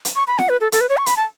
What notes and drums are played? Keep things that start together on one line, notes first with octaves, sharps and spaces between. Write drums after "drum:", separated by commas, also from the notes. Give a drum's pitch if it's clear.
drum: hi-hat
C#6
B5
F#5, drum: snare
B4
A4
A4, drum: hi-hat
B4
C#5
C#6
B5, drum: hi-hat
A5